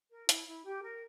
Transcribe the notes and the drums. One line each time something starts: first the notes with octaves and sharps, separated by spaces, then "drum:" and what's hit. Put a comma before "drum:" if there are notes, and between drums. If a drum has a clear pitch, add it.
A#4
E4, drum: hi-hat
E4
G4
A#4